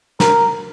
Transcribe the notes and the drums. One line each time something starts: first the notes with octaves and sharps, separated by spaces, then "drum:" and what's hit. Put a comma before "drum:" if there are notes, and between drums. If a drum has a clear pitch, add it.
A#4, drum: snare